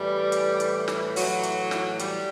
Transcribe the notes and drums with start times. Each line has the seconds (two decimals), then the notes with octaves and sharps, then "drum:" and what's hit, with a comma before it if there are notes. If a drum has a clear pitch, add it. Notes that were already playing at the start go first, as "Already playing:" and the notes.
Already playing: A2 E3 G3
0.32 drum: hi-hat
0.60 drum: hi-hat
0.88 drum: snare
1.16 F#3, drum: open hi-hat
1.43 drum: hi-hat
1.71 drum: snare
1.99 G3, drum: hi-hat